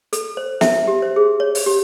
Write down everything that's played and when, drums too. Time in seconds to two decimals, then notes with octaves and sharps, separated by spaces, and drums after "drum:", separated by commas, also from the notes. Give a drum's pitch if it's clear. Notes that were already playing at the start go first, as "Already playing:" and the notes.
0.13 A4, drum: hi-hat
0.37 C5
0.61 E5, drum: snare
0.88 G4
1.02 C5
1.16 G#4
1.40 C#5
1.55 drum: open hi-hat
1.66 G4